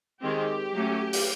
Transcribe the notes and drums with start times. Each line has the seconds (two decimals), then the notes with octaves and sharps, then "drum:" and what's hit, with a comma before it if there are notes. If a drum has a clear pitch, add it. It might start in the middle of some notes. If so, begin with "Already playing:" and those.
0.21 D#3 G#3 C4 G4
0.73 F#3 A3 C#4
1.13 drum: open hi-hat